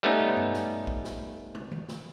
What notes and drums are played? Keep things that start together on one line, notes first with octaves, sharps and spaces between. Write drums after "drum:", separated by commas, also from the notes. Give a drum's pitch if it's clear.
G3 A3 B3 C#4 D#4
drum: tom
drum: tom G2
drum: snare
drum: kick A#1
drum: snare
drum: tom
drum: tom D#3
drum: snare